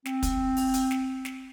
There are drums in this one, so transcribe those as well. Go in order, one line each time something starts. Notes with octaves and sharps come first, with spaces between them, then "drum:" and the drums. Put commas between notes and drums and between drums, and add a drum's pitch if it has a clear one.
C4, drum: snare
drum: kick, hi-hat
drum: open hi-hat
drum: hi-hat
drum: snare
drum: snare